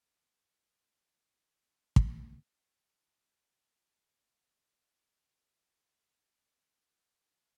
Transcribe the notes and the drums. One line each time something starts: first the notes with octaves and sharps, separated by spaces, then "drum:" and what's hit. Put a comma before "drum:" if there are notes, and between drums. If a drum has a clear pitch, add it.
B3 D4 G#4 A4
D#3 D4 D#5 C#6
drum: kick
D#3
G#2
C3
F5
B2
C4 C#4 F4 G#4 A#4